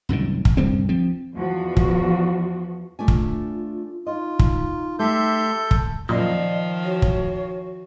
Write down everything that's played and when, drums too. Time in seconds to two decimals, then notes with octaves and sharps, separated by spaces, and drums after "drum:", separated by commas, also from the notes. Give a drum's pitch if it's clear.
0.09 C2 F#2 A2 D#3
0.45 drum: kick
0.57 C2 G2 D3 C4
0.89 F3 C4
1.34 E2 F3 F#4
1.77 drum: kick
2.99 A3 D4 F4 G#5
3.08 drum: kick
4.07 D#4 F4 D#5
4.39 drum: kick
4.99 A3 G4 A4 E5 C6 G6
5.71 drum: kick
6.09 F#2 A#2 D#3 F3 D5 D#5
6.84 F#4 C#5
7.02 drum: kick